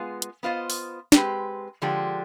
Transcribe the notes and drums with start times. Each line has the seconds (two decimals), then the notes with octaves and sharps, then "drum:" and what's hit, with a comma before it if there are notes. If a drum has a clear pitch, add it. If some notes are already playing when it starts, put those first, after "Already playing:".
Already playing: G#3 B3 F4 G#4
0.22 drum: hi-hat
0.43 B3 F4 C5 D#5
0.70 drum: open hi-hat
1.12 G#3 C4 G4 B4, drum: snare
1.82 D3 F3 G#3 D4 G4